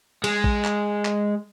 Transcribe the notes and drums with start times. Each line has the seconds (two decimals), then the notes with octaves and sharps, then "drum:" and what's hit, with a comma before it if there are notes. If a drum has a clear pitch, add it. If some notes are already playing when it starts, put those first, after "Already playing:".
0.24 G#3, drum: cymbal
0.44 drum: kick A#1
0.64 drum: clap
1.05 drum: clap